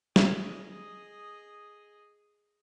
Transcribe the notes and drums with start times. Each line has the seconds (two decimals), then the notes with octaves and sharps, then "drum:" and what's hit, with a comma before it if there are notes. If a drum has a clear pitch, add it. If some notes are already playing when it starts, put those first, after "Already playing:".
0.16 G#4 D#5, drum: snare